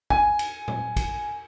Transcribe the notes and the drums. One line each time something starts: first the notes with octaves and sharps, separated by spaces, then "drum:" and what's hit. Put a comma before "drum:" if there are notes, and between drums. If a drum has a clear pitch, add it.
G#5, drum: kick
drum: cymbal
drum: tom A#2
drum: kick, cymbal